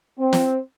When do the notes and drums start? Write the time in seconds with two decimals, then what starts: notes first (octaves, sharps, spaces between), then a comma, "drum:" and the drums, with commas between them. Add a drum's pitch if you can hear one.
0.20 C4
0.33 drum: snare